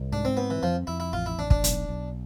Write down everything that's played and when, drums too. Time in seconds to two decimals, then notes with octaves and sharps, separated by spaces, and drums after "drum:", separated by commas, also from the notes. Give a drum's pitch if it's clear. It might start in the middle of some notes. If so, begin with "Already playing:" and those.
Already playing: C2
0.12 G#2 D4
0.25 C4
0.37 B3 C4
0.50 E3
0.63 F2 F3
0.87 F2 E4
1.00 E4
1.13 A1 F4
1.26 E4
1.38 A1 D4
1.50 D4, drum: kick
1.64 B1, drum: hi-hat
1.89 B1